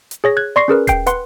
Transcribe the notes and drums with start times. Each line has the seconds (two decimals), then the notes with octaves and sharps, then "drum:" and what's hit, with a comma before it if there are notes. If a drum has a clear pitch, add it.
0.11 drum: hi-hat
0.24 G#4 C#5 A#6
0.37 F#6 G#6
0.56 D5 C6 C#6 A#6 C7
0.68 C#4 G#4 A#4 B4
0.87 G5 G6 C7, drum: kick D#1, hi-hat
1.07 B4 F#5 C6, drum: hi-hat